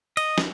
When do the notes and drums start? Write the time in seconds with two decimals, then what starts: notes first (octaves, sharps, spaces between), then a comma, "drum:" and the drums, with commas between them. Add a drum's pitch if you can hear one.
0.17 D#5, drum: cymbal
0.38 drum: snare